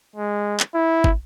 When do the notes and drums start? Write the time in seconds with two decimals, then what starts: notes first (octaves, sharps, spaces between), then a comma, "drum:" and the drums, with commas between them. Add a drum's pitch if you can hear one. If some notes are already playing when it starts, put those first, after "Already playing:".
0.16 G#3
0.60 drum: clap
0.75 E4
1.04 drum: kick